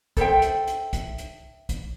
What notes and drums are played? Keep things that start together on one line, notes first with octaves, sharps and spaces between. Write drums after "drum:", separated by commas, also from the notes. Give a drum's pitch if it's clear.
A4 C5 E5 G5, drum: kick, hi-hat
drum: hi-hat
drum: hi-hat
drum: kick, hi-hat
drum: hi-hat
drum: kick, hi-hat